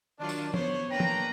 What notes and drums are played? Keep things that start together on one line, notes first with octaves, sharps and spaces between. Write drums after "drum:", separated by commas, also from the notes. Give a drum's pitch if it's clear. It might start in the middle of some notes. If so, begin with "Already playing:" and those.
D#3 F#3 D4 F4
drum: tambourine
B3 C5 C#5, drum: tom
A#3 D4 B4 G5 A#5
drum: tom